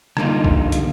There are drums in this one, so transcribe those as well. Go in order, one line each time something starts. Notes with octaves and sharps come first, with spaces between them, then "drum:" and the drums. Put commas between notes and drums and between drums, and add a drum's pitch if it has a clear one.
D3 G3 A#3 B3 D#4 F4, drum: rim click
drum: kick
drum: hi-hat